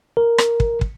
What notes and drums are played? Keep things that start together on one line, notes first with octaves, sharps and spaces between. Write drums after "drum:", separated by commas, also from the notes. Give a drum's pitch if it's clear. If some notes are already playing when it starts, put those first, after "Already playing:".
A#4
drum: rim click
drum: kick
drum: kick